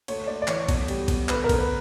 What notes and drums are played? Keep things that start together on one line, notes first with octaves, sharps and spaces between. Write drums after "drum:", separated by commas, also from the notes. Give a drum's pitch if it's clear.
D2 C#5, drum: cymbal
D2 D5
D5
E3 C#5, drum: clap
B2, drum: kick A#1, cymbal
G3, drum: cymbal
B2, drum: kick A#1, cymbal
D3 B4, drum: clap
A#4
D3, drum: kick A#1, cymbal
B4